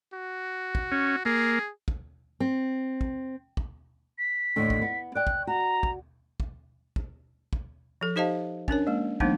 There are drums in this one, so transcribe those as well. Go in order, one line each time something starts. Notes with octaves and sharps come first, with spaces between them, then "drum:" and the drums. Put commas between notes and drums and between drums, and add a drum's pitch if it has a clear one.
F#4
drum: kick
C#4
A#3 G#4
drum: kick
C4
drum: kick
drum: kick
B6
D#2 A2 D3
drum: kick
B3
D5 G5 F#6
drum: kick
F#4 A#5
drum: kick
drum: kick
drum: kick
drum: kick
F3 A4
D#4 G4 C5 D#5 F5 A5
C#4 D4 A#4 C#5, drum: kick
G#3 A#3
E3 F#3 A3 B3 D4 D#4, drum: kick